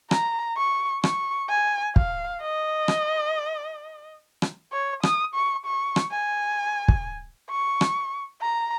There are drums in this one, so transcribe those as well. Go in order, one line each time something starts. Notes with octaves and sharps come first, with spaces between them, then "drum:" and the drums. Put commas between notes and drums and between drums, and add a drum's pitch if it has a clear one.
A#5, drum: rim click
C#6
C#6, drum: rim click
G#5
F5, drum: kick
D#5
drum: rim click
drum: rim click
C#5
D#6, drum: rim click
C#6
C#6
drum: rim click
G#5
drum: kick
C#6
drum: rim click
A#5